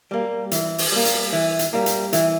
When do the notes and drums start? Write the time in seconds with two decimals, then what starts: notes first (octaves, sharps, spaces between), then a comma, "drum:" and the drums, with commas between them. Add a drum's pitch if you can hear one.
0.11 G3 A#3
0.51 E3, drum: hi-hat
0.78 drum: open hi-hat
0.92 G3 A#3
1.05 drum: hi-hat
1.33 E3
1.59 drum: hi-hat
1.73 G3 A#3
1.86 drum: hi-hat
2.13 E3, drum: hi-hat